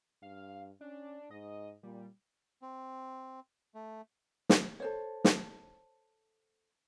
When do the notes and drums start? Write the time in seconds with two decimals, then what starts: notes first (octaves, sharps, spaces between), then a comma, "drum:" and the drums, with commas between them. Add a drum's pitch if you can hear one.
0.22 G2 F5
0.81 C#4 D4
1.31 G#2 D#5
1.83 A#2 G3
2.62 C4
3.75 A3
4.49 drum: snare
4.80 A4 C5 C#5
5.24 drum: snare